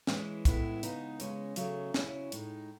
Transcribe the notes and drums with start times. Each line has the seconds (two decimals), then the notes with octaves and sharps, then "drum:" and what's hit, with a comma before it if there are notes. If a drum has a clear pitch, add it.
0.07 E3 G#3 C#4 E4, drum: snare
0.45 A2 G#3 B3 E4, drum: kick, hi-hat
0.83 C#3 G#3 B3 D#4, drum: hi-hat
1.20 C#3 G#3 C#4, drum: hi-hat
1.56 C#3 F#3 A3 C#4, drum: hi-hat
1.94 C#3 F#3 C#4 E4, drum: snare
2.32 A2 G#3 D#4, drum: hi-hat